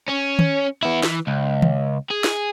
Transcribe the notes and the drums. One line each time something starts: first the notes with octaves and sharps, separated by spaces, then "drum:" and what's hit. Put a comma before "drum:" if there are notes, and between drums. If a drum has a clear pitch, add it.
C#4
drum: tom
B3 E4
E3, drum: snare
C#2
drum: tom
G#4
drum: snare